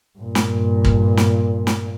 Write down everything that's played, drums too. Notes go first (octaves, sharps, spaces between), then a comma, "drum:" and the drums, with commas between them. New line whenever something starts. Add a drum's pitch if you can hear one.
G2 A#2
drum: snare
drum: kick
drum: snare
drum: snare